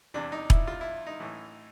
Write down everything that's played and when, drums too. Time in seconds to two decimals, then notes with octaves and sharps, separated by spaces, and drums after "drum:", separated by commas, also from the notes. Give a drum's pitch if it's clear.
0.14 E2 C3 E3 D4
0.32 D#4
0.50 E4, drum: kick E1
0.67 F4
0.81 E4
1.07 D#4
1.20 A1 A2 E3